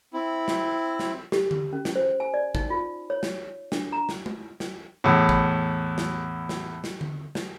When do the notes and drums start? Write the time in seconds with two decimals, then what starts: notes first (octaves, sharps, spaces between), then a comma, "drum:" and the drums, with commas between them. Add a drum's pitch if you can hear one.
0.13 C4 E4
0.48 drum: snare
0.99 drum: snare
1.32 G4, drum: snare
1.51 drum: tom D3
1.73 C#4
1.85 drum: snare
1.96 C5
2.20 G#5
2.34 D5
2.55 D#4, drum: kick
2.70 F4
3.10 C#5
3.23 drum: snare
3.72 D4, drum: snare
3.92 A#5
4.09 drum: snare
4.26 drum: tom G#3
4.60 drum: snare
5.04 E2 A2
5.29 drum: kick
5.98 drum: snare
6.49 drum: snare
6.84 drum: snare
7.01 drum: tom D3
7.35 drum: snare